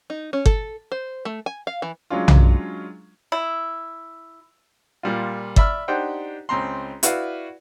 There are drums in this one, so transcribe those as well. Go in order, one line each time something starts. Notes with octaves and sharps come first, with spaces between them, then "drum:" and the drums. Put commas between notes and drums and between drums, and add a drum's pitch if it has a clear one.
D#4
C#4
A4, drum: kick G1
C5
A3
G#5
F5
E3
F#3 G#3 C#4 D4 F4
drum: tom B1
E4
A#2 G3 F4
D5 E5 B5 E6 F6, drum: kick G1
D4 D#4 G4 C5 F#5 G5
C#2 C4 A#5 C6
E4 F#4 B4 D5 F5, drum: hi-hat